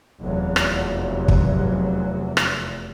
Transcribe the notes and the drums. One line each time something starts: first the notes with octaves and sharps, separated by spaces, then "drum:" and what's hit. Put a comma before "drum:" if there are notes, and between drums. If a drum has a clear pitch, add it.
F1 E2 F#3
drum: rim click
drum: kick
drum: rim click